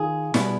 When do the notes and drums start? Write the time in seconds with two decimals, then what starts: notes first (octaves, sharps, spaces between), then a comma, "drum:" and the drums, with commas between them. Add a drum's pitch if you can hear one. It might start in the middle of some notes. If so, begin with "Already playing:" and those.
Already playing: D#3 F4 G#4
0.34 B2 G3 B3 E4, drum: snare